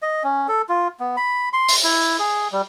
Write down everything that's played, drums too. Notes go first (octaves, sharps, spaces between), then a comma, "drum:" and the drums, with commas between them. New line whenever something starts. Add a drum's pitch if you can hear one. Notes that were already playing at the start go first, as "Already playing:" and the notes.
D#5
C#4
A4
F4
B3
B5
C6
drum: open hi-hat
E4
G#4
G3